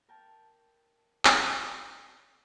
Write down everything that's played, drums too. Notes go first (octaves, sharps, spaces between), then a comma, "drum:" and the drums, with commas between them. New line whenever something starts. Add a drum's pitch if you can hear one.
A#4 G5 A5
drum: clap